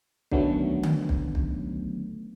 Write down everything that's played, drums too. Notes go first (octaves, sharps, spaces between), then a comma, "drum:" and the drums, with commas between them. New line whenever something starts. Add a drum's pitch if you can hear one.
D3 D#3 F#3 A3 B3 C#4, drum: kick
drum: tom D3
drum: kick
drum: kick